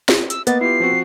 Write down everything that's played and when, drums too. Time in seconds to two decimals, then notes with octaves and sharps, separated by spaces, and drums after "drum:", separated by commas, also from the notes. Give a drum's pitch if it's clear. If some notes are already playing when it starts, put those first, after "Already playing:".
0.09 drum: snare
0.30 E6, drum: hi-hat
0.47 A#3 B3 D#5 A6, drum: hi-hat
0.61 E4 F4 G4 C7
0.80 F3 C4 F#4